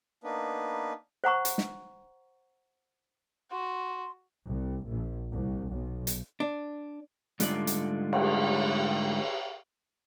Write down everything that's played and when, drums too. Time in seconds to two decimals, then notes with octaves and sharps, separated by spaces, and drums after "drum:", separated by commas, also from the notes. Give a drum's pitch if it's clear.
0.24 A#3 B3 D4 D#4 B4
1.24 C5 F#5 A#5 C#6
1.45 drum: hi-hat
1.58 drum: snare
3.51 F#4 C6
4.48 C2
4.86 A#1
5.29 C2
5.70 B1
6.07 drum: hi-hat
6.40 D4
7.40 G#2 D3 G3 A3 F4 D5, drum: hi-hat
7.67 drum: hi-hat
8.13 drum: cymbal